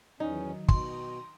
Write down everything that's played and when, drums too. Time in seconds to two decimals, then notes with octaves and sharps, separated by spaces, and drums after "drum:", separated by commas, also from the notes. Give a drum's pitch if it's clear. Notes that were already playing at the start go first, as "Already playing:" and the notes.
0.20 E2 D#3 F#3 C#4 D#4
0.69 B2 G5 A#5 C6 D#6, drum: kick